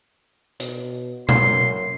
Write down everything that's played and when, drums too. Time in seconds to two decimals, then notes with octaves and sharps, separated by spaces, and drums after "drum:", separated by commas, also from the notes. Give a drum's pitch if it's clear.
0.60 B2, drum: hi-hat
1.29 F#2 C6, drum: tom B2